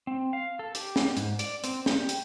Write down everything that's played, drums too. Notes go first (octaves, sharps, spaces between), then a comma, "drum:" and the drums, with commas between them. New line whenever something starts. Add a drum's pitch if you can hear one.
C4
F5
A4
G4, drum: hi-hat
drum: snare
G#2, drum: hi-hat
D5, drum: hi-hat
C4, drum: hi-hat
G4, drum: snare
drum: hi-hat